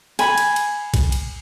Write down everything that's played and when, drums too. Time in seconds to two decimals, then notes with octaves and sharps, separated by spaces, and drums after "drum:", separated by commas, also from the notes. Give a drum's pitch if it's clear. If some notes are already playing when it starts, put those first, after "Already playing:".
0.19 G#5 B5, drum: cymbal
0.38 drum: cymbal
0.56 drum: cymbal
0.94 drum: kick A#1, cymbal
1.12 drum: cymbal